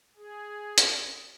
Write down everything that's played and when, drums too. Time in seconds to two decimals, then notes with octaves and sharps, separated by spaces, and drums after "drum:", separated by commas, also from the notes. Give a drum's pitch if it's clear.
0.16 G#4
0.78 drum: hi-hat